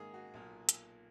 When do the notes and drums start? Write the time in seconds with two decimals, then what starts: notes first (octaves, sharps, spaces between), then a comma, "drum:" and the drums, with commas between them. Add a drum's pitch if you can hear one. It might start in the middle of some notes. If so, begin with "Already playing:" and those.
Already playing: G#2 D#3 A#3 G#4 D#5
0.14 F#4
0.34 B1 A#2 A#3
0.69 drum: hi-hat